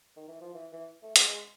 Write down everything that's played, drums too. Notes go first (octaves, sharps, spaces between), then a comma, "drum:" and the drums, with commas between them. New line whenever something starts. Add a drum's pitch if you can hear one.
D#3
E3
F3
E3
E3
A3
G#3, drum: hi-hat
G#3